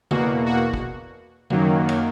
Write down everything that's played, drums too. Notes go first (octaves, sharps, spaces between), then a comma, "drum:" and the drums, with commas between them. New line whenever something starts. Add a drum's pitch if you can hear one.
E2 B2 A#3 F#4, drum: tom C#3
F#4
drum: kick
F#2 D#3 F#3 A#3, drum: tom C#3
drum: cymbal